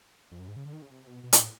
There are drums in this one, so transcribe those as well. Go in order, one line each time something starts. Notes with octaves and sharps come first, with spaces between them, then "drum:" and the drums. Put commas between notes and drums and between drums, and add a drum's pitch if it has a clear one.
F2
F#2
G#2
C#3
D3
D#3
C#3
C3
B2
B2
A#2, drum: hi-hat
A2